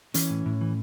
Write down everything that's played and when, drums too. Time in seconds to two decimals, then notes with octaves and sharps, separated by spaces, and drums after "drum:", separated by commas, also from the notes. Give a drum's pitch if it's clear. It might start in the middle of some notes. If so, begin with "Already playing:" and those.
0.14 E3 C#4, drum: hi-hat
0.30 A2
0.46 A2
0.61 E3